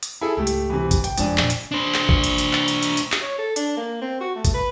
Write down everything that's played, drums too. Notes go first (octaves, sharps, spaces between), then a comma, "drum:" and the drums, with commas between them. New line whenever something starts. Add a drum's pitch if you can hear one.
drum: hi-hat
E4 G#4 A4
C#2 G#2 A3 G4
drum: hi-hat
C3 E3
drum: kick G#1, hi-hat
G5, drum: hi-hat
F#1 F2 G#3 D4 G#5, drum: hi-hat
A#2 F#3, drum: clap
drum: hi-hat
D4 C5
drum: clap
drum: kick G#1
drum: hi-hat
drum: hi-hat
drum: clap
drum: hi-hat
drum: hi-hat
drum: hi-hat
drum: clap
C#5
A4
D4, drum: hi-hat
A#3
C4
F#4
A3
drum: kick G#1, hi-hat
B4